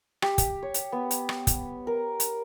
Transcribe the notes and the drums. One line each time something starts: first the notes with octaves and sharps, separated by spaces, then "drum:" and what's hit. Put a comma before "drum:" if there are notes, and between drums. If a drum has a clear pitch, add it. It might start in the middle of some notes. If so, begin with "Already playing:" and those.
G4, drum: rim click
drum: kick, hi-hat
C#5
drum: hi-hat
B3
drum: hi-hat
drum: rim click
drum: kick, hi-hat
A#4
drum: hi-hat